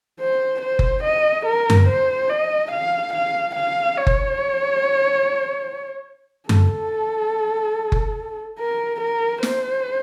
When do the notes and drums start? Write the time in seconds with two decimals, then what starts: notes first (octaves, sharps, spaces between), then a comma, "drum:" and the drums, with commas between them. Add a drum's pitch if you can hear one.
0.20 C5
0.62 C5
0.79 drum: kick F#1
1.04 D#5
1.46 A#4
1.70 drum: tom F#2
1.88 C5
2.29 D#5
2.72 F5
3.14 F5
3.56 F5
3.97 C#5
4.07 drum: kick F#1
6.49 A4, drum: tom F#2
7.92 drum: kick F#1
8.59 A#4
9.01 A#4
9.43 C5, drum: snare